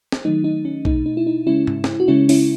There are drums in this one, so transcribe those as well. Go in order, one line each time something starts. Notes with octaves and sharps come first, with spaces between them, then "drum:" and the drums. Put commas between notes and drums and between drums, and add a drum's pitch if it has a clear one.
drum: snare
D#3 F#3 A3 D#4
D#4
C#4
B2 A3 D#4, drum: kick B1
D#4
E4
D#4
C#3 G#3 C#4 E4
drum: tom G#2
drum: snare
F#4
C#3 G#3 C#4 E4
C#4 E4, drum: open hi-hat